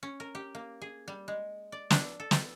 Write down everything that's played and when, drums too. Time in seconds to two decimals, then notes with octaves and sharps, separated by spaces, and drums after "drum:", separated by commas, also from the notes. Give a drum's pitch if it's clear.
0.03 C#4
0.20 A#4
0.35 G4
0.55 A#3
0.82 G#4
1.08 G3
1.28 G#3
1.72 D5
1.90 D4, drum: snare
2.20 A4
2.31 drum: snare